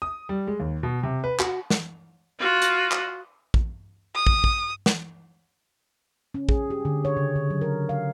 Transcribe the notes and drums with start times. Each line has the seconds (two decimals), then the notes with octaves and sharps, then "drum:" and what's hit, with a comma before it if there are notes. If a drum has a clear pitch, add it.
0.02 D#6
0.29 G3
0.47 G#3
0.60 D#2
0.83 B2
1.03 C3
1.24 B4
1.39 F#4, drum: clap
1.70 drum: snare
2.39 F4 F#4
2.62 drum: hi-hat
2.92 drum: clap
3.54 drum: kick
4.15 D#6
4.27 drum: kick
4.44 drum: kick
4.86 drum: snare
6.34 C#4
6.49 G#4, drum: kick
6.70 G4
6.85 D3
7.05 C#5
7.17 C#3
7.36 D3
7.50 F#3
7.61 A#4
7.89 F5